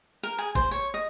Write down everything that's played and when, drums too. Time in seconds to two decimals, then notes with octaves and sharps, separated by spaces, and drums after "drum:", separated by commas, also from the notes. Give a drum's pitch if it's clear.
0.23 A#4
0.38 G#4
0.55 C5, drum: kick
0.71 C#5
0.94 D#5